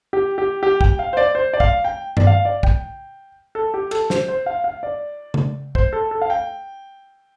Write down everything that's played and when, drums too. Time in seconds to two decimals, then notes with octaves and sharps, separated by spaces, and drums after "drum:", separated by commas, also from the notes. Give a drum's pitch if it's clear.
0.13 G4
0.38 G4
0.63 G4
0.81 G5, drum: kick
0.99 F5
1.13 C5
1.17 D5
1.35 C5
1.53 D5
1.60 F5, drum: kick
1.84 G5
2.17 D5, drum: tom G2
2.27 F5
2.45 D5
2.63 G5, drum: kick
3.55 A4
3.74 G4
3.91 A4, drum: cymbal
4.10 C5, drum: snare
4.28 C5
4.46 F5
4.64 F5
4.83 D5
5.34 drum: tom C#3
5.75 C5, drum: kick
5.93 A4
6.11 A4
6.22 F5
6.30 G5